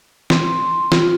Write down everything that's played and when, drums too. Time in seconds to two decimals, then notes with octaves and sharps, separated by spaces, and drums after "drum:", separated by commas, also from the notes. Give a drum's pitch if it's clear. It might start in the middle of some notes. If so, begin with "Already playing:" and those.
0.30 C6, drum: snare
0.92 F4, drum: snare